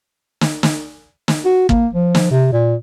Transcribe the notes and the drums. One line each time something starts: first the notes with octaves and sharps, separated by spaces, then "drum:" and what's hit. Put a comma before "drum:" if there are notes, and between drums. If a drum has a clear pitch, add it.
drum: snare
drum: snare
drum: snare
F#4
A#3, drum: kick
F3
drum: snare
C3
A#2